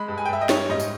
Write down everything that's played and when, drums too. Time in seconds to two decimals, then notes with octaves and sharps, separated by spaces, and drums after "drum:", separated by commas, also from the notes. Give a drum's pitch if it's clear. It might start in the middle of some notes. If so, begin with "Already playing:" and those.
Already playing: G#3 B5
0.08 G2
0.18 G#5
0.25 G5
0.29 G2 E5
0.41 D#5
0.49 G3 C#5, drum: snare
0.69 G#2 D#5
0.80 drum: tambourine